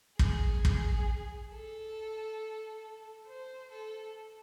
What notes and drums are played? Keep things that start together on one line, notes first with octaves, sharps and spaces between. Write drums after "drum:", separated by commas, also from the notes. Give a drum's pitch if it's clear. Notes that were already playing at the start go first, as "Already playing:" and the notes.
G#4, drum: kick
drum: kick
A4
C5
A4